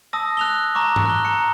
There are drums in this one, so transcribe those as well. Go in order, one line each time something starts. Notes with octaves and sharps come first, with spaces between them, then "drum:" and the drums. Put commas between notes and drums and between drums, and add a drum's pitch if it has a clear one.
A5 D#6 E6 A#6
F#6 F7 G7
A#5 C#6 D6
drum: tom G#2
F#6 G7
A#5 C#7